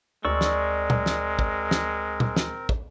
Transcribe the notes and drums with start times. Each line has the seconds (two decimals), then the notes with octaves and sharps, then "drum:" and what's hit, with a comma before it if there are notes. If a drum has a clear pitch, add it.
0.25 D2 G#3 C4 A#4 D5 C#6 E6
0.41 drum: snare
0.90 drum: tom
1.06 drum: snare
1.39 drum: kick
1.71 drum: snare
2.20 drum: tom
2.36 drum: snare
2.69 drum: kick